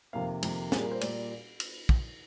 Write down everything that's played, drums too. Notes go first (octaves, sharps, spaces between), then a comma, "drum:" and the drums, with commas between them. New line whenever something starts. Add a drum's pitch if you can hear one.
F2 C3 D#3 A#3 F5
F2 C3 D#3 A#3 A#4, drum: cymbal
A#2 G3 A#3 G#4, drum: snare
A#4
C5
A#2 G3 A#3 D5, drum: cymbal
drum: cymbal
drum: kick